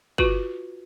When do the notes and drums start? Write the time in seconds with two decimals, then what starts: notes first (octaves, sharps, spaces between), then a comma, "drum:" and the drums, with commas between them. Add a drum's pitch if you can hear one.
0.18 F4 F#4 B4, drum: kick